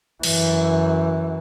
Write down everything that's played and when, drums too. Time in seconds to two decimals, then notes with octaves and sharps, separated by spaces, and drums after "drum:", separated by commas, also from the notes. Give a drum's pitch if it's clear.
0.23 F#2 E3, drum: cymbal